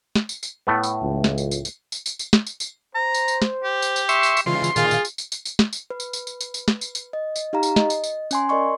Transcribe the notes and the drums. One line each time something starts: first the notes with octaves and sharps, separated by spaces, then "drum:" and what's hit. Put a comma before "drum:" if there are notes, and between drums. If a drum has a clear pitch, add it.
drum: snare
drum: tambourine
drum: tambourine
A2 A3 B3
drum: tambourine
C#2
drum: snare
drum: tambourine
drum: tambourine
drum: tambourine
drum: tambourine
drum: tambourine
drum: tambourine
drum: snare
drum: tambourine
drum: tambourine
C5 A#5
drum: tambourine
drum: tambourine
drum: snare
G4
drum: tambourine
drum: tambourine
E5 C6 C#6, drum: tambourine
drum: tambourine
drum: tambourine
C#3 E3 G#3 F4 C6
drum: tambourine
A#2 D#3 F4 G#4 F5, drum: tambourine
drum: tambourine
drum: tambourine
drum: tambourine
drum: tambourine
drum: tambourine
drum: snare
drum: tambourine
B4
drum: tambourine
drum: tambourine
drum: tambourine
drum: tambourine
drum: tambourine
drum: snare
drum: tambourine
drum: tambourine
D#5
drum: tambourine
D#4 G4 F5 A#5
drum: tambourine
D#5, drum: snare
drum: tambourine
drum: tambourine
C#4 G#5 C6, drum: tambourine
A#4 D5 D#5 C6 C#6